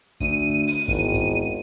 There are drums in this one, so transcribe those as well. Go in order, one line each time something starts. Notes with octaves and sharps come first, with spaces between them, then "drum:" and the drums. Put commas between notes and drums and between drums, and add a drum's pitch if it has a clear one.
D2 D#7, drum: kick, hi-hat
drum: open hi-hat
G#1 E2, drum: kick
drum: kick, hi-hat